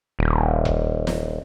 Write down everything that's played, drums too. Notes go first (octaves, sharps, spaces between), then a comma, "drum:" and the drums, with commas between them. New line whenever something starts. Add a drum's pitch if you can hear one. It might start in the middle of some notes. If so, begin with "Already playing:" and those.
D#1
drum: kick E1
drum: snare